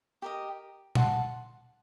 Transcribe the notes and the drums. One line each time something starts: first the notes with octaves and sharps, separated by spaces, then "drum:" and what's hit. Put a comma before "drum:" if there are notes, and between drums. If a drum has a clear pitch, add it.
G4 A#4 D#5
D5 F#5 A5 C6, drum: tom A#2